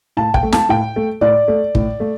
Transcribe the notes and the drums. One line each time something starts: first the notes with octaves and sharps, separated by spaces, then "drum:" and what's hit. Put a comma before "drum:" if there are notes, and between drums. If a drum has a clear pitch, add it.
A2 A5
G5, drum: kick
A3
A5, drum: snare
A2 G5
A3
A2 D5
A3
A2, drum: kick
A3